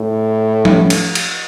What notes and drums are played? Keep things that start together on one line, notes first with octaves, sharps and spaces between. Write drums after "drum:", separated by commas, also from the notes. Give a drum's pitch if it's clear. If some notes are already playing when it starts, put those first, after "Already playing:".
Already playing: A2
drum: tom F3
drum: cymbal
drum: cymbal